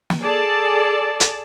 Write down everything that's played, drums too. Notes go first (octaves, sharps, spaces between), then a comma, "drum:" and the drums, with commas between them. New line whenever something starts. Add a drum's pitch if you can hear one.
drum: snare
G#4 A4 D5 A5
drum: hi-hat